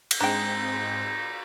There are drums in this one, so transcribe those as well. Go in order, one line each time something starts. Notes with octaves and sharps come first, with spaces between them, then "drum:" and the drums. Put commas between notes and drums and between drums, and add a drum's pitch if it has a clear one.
drum: cymbal
G#2 G#3 C4 D4 D#4 G5 A#5